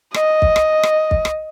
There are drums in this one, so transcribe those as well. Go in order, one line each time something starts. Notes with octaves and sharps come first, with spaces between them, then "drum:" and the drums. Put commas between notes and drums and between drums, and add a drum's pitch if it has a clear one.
D#5, drum: rim click
drum: kick
drum: rim click
drum: rim click
drum: kick
drum: rim click